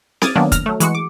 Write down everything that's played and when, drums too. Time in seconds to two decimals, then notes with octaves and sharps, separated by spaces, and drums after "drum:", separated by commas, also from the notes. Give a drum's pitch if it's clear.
0.22 D6 D#6 F6 G#6 A6, drum: snare C4
0.35 D#3 F#3 A#3 B3 C#4 D4
0.52 F6 A#6, drum: kick, hi-hat
0.66 F#3 A3
0.80 E3 G#3 F#4 C#7, drum: hi-hat
0.95 D6